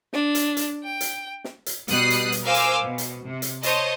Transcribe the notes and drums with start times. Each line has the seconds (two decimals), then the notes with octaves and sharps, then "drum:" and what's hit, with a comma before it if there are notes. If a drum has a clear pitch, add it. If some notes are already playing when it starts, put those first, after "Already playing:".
0.13 D4, drum: snare
0.35 drum: hi-hat
0.57 drum: hi-hat
0.83 G5
1.01 drum: hi-hat
1.44 drum: snare
1.66 drum: hi-hat
1.88 B2 G3 D#6 F#6 C7, drum: hi-hat
2.10 drum: hi-hat
2.32 drum: hi-hat
2.44 A#4 C5 F5 G#5 D6 E6
2.54 drum: hi-hat
2.83 B2
2.98 drum: hi-hat
3.25 C3
3.42 drum: hi-hat
3.63 C5 C#5 D#5 A5, drum: hi-hat